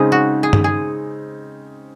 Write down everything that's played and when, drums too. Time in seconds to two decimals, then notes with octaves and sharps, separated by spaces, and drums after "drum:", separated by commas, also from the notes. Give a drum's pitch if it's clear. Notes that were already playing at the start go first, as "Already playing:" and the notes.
Already playing: C#3 G#3 C4 D#4 G#4
0.12 F#4
0.43 G#4
0.53 drum: tom G2
0.64 G#4